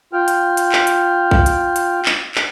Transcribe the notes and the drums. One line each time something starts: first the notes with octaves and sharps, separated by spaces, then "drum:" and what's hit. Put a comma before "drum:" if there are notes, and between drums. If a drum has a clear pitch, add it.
F4 G5 F6
drum: hi-hat
drum: hi-hat
drum: clap
drum: hi-hat
drum: kick
drum: hi-hat
drum: hi-hat
drum: clap
drum: clap